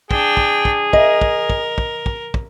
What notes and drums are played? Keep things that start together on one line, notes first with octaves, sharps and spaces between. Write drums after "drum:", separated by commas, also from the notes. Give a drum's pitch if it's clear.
D4 G#4 G5, drum: kick
drum: kick
drum: kick
A#4 D#5, drum: kick
drum: kick
drum: kick
drum: kick
drum: kick
drum: kick